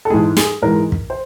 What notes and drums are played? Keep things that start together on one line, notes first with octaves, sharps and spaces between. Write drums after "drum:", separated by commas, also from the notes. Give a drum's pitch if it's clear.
A4
G#2 E3 G#3 G#4
G#4, drum: snare
G#2 E3 G#3 A#4
drum: kick
C5